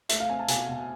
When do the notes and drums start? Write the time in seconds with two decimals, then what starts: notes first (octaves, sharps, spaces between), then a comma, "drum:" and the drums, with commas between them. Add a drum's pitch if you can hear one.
0.09 A3 E5, drum: hi-hat
0.20 F5
0.29 C4 G#5
0.39 A5
0.48 B2 G#5, drum: hi-hat
0.69 B2